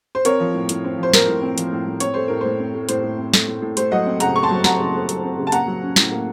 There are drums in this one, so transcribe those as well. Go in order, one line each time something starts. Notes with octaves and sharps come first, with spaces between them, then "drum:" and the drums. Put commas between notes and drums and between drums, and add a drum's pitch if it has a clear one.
C5
C4 A#4 C#5, drum: hi-hat
F3
A2
A2, drum: hi-hat
C4
F3
C5
A2 A#4, drum: snare
A2
C4
F3, drum: hi-hat
A2
A2
C4 C#5, drum: hi-hat
A3 C5
A2 A#4
A2 C5
C4
A3
A2 C5, drum: hi-hat
A2
C4
A3, drum: snare
A2
A2
A3 C5, drum: hi-hat
F#3 D#5 F#5
C4
C#3 F#5 A#5, drum: hi-hat
A3 C#6
A5 C6
F#3
C4 F#5 A#5, drum: snare
C#3
A3
F#3, drum: hi-hat
C4
C#3
A5
A#3 F#5 A#5, drum: hi-hat
F#3
C#4
A2, drum: snare
A#3